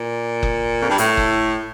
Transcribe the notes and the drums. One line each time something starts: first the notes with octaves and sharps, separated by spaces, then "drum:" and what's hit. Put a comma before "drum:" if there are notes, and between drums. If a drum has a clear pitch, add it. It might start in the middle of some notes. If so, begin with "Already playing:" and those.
Already playing: A#2
drum: kick F#1
F2
G2
A2, drum: hi-hat
drum: kick F#1